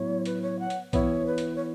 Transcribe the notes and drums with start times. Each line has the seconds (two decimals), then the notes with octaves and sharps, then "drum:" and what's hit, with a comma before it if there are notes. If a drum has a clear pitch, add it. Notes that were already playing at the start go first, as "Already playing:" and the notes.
Already playing: A2 F#3 B3 E4 C#5
0.26 B4, drum: hi-hat
0.42 C#5
0.60 F#5
0.70 drum: hi-hat
0.93 E3 B3 E4 C#5, drum: kick B1, hi-hat
1.27 B4
1.38 drum: hi-hat
1.56 C#5